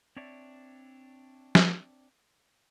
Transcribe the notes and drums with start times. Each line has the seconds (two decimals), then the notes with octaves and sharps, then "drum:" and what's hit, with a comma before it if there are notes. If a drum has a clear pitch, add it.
0.16 C4 D4 C#5 D5 E5
1.55 drum: snare F3